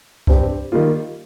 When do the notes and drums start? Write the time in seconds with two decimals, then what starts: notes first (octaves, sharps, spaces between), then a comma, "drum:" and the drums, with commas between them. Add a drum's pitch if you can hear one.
0.27 G2 G3 C4 G4, drum: kick C2
0.72 D#3 G3 A#3 F4